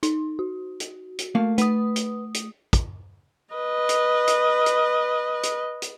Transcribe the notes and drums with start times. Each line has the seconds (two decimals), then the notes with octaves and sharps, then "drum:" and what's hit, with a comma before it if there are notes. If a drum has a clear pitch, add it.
0.03 D#4, drum: hi-hat
0.39 F#4
0.80 drum: hi-hat
1.19 drum: hi-hat
1.35 A3 A#3 F5
1.58 A3 B4 D#6, drum: hi-hat
1.96 drum: hi-hat
2.34 drum: hi-hat
2.73 drum: kick, hi-hat
3.54 B4 D#5
3.89 drum: hi-hat
4.27 drum: hi-hat
4.66 drum: hi-hat
5.43 drum: hi-hat
5.82 drum: hi-hat